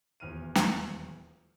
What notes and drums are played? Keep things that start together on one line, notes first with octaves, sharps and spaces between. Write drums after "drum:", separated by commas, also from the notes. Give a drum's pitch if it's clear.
D#1 E2 F6 D#7
drum: snare